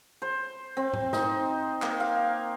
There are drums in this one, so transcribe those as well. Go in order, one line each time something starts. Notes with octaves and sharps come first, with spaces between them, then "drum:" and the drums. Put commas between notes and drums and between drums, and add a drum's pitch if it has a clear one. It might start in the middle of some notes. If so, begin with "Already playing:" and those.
C5
C4
drum: tom
D#4, drum: snare
A#3, drum: clap
F5